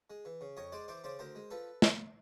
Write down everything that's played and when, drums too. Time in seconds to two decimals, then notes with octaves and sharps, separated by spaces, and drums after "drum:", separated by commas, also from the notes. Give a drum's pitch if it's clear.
0.10 G#3
0.25 E3
0.41 C#3
0.57 F2 C#5 D#5
0.72 G#3 C5 D5
0.88 E3 C5 D5
1.04 C#3 C5 D5
1.19 D2 A#4 C5
1.35 G#3
1.50 F3 A4 B4
1.82 drum: snare